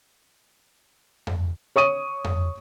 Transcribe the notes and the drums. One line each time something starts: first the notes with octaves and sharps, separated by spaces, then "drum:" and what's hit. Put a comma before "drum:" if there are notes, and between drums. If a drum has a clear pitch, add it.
drum: tom F2
C#5 C#6 D#6 D#7
drum: tom F2